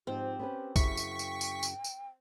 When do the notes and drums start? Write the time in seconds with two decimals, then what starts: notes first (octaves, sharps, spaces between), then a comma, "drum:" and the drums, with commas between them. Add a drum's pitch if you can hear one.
0.07 G#2 F3 C4 G4
0.39 B3 C#4 B4
0.76 F#2 C#3 E4 C#6 B6, drum: kick, tambourine
0.97 drum: tambourine
1.08 G5
1.19 drum: tambourine
1.41 drum: tambourine
1.63 drum: tambourine
1.84 drum: tambourine